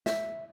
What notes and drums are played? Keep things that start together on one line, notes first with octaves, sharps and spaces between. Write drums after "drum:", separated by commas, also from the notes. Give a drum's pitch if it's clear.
E5, drum: snare